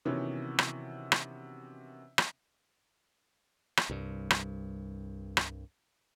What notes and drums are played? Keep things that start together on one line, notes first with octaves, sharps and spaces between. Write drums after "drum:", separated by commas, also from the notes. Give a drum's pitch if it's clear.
C3 D#3 E3 B3 C#4 F#4
drum: rim click
drum: rim click
drum: rim click
drum: rim click
C2 G2
drum: rim click
drum: rim click